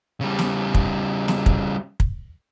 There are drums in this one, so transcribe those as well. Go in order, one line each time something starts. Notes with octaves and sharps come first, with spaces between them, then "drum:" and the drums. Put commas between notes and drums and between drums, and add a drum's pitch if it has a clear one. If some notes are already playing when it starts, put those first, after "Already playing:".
C#3 G3
drum: snare
drum: kick
drum: snare
drum: kick
drum: kick